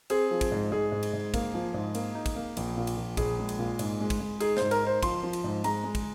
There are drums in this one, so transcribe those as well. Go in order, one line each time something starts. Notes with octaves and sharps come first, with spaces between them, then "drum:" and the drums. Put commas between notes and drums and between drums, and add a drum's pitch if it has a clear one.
C4 G#4, drum: cymbal
F3
drum: kick, cymbal
G#2
G#2 G#4
G#2
drum: cymbal
G#2
A#3, drum: kick, cymbal
F3
G#2
A#3, drum: cymbal
D#4
drum: kick, cymbal
A#3
A#1, drum: cymbal
A#2
drum: cymbal
A#1
A#1 G#4, drum: kick, cymbal
G#3
drum: cymbal
A#2
G#2, drum: cymbal
G#3
drum: kick, cymbal
G#3
D#4 G#4, drum: cymbal
G#2 C5, drum: snare
A#4, drum: cymbal
D#4 C5
F3 C6, drum: kick, cymbal
F3
drum: cymbal
G#2
G#3 A#5, drum: cymbal
G#3
drum: kick, cymbal